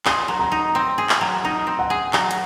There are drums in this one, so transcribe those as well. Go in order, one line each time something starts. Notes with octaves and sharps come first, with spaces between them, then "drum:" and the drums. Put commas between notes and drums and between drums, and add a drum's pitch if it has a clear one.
G#4 C6, drum: clap
F#3
A#5
D#4
C4
G#4
drum: clap
F#3
D#4 A#5
C4
F#5
G#4
F#3, drum: clap
drum: hi-hat